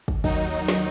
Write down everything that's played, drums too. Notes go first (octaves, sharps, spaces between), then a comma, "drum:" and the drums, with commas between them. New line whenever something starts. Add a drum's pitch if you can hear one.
drum: kick
D#2 D#3 F#3 D#4, drum: kick
drum: snare